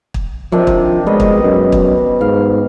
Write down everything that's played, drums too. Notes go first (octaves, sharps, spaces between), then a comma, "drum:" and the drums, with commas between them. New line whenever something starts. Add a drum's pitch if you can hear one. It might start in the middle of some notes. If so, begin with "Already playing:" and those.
drum: kick
C3 D#3 F3 D4
drum: kick
B2 G3 G#3 D#5
drum: kick
F#2
drum: kick
G#2 F5